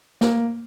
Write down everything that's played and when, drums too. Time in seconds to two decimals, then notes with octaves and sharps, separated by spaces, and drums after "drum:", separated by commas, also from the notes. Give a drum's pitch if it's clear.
0.21 A#3, drum: snare